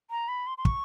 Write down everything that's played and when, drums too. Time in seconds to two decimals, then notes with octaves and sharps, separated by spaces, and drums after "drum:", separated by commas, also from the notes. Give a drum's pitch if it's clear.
0.10 A#5
0.28 B5
0.47 C6
0.58 C6
0.65 C#6, drum: kick